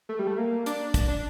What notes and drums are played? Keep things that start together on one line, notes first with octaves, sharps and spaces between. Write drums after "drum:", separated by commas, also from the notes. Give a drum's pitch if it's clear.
A3
G3
A3
A#3
D4, drum: hi-hat
drum: kick, hi-hat
D4